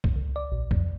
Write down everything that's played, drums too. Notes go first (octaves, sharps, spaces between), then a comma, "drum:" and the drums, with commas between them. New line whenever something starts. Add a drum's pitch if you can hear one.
drum: kick
C#2
D5
A#1
F2, drum: kick